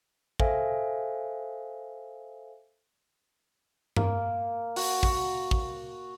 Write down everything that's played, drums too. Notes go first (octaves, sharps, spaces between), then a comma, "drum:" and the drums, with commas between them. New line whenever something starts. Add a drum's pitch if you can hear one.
A4 C5 E5 F5 G#5, drum: kick
A#3, drum: tom G2
F#4, drum: open hi-hat
F#4, drum: kick
drum: kick